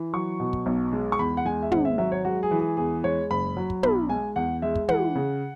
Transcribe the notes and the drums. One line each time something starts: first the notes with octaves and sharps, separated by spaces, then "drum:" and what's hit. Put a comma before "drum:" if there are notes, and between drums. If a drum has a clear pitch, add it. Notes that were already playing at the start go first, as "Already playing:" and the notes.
Already playing: E3
F#3 C#6
B2
drum: kick
B1
G#3
C#6
E2 B5
F#5
G#3 G#5
E5
G#1 F#5, drum: tom
E5
F#3 E5
C#5
G#3 F#4
G#4
E3
G#4
E2 G#4
G#3 C#5
F#1 B5
F#3
drum: kick
B1 B5, drum: tom
G#3 G#5
E2 F#5
G#3 E5
drum: kick
E3 F#5, drum: tom
C#3